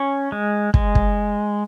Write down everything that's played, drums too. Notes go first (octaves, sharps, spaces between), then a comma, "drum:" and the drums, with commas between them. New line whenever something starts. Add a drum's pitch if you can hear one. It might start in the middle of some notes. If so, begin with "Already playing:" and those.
Already playing: C#4
G#3
G#3, drum: kick
drum: kick